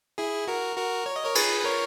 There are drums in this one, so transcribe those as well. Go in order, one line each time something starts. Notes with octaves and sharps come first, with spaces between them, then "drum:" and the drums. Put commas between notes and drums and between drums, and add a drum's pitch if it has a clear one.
E4 G#4
F#4 A#4
F#4 A#4
C#5
D#5
A#4 C#5
G#4 B4, drum: cymbal
B4
A#4 C#5